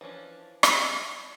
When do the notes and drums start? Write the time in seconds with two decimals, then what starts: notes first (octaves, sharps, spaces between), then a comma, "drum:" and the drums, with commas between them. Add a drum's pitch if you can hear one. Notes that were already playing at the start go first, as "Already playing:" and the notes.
0.01 E3 F3 C#4 D4
0.63 D#4 G#4 E5, drum: rim click